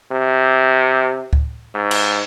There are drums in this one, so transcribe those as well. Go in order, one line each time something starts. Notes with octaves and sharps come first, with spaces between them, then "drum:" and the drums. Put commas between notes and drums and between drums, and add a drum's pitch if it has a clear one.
C3
drum: kick
G#2
drum: cymbal